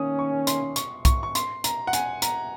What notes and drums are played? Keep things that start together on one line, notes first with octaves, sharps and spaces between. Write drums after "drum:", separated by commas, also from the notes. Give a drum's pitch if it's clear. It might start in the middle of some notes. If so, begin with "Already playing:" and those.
Already playing: D#3 A#3 C#4 D#6
C#6
C6, drum: hi-hat
C#6, drum: hi-hat
C#6, drum: kick B1, hi-hat
C#6
C6, drum: hi-hat
A#5, drum: hi-hat
F#5
G#5, drum: hi-hat
A#5, drum: hi-hat